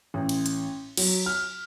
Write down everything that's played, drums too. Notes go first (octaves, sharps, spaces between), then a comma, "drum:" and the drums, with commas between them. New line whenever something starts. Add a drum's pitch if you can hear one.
A1
drum: cymbal
drum: hi-hat
F#3, drum: cymbal
F6